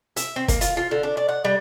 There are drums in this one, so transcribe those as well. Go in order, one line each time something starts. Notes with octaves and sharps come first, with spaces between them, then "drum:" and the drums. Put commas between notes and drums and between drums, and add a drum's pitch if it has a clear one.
E5, drum: hi-hat
C4
A#3, drum: kick, hi-hat
F4, drum: hi-hat
F4
D3
D4
D5
F#5
G3